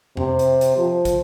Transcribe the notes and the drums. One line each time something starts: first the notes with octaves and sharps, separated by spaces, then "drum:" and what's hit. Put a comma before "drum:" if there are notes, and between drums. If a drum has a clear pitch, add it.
C3, drum: tom F2
drum: hi-hat
drum: hi-hat
F3
drum: kick, hi-hat